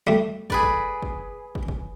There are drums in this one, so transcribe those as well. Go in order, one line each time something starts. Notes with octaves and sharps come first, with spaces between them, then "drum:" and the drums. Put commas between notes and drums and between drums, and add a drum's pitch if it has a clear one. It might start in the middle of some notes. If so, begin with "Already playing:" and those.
G3 A3
G#4 B4 D5, drum: kick
drum: kick
drum: kick
drum: kick
drum: kick